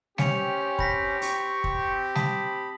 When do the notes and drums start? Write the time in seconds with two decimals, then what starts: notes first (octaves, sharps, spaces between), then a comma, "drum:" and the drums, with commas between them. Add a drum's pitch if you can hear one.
0.18 C4 C#4 G4 C#7 F7, drum: snare
0.79 B5 A#6 B6, drum: kick
1.22 C#6, drum: open hi-hat
1.64 drum: kick
2.15 A5 B5 D#6 B6, drum: snare